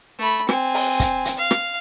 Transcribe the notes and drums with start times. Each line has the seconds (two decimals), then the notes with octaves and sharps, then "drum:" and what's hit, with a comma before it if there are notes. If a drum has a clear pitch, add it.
0.19 A3 B5
0.49 C4 G#5, drum: rim click
0.74 drum: open hi-hat
1.00 drum: kick, hi-hat
1.25 drum: hi-hat
1.37 F5
1.51 drum: rim click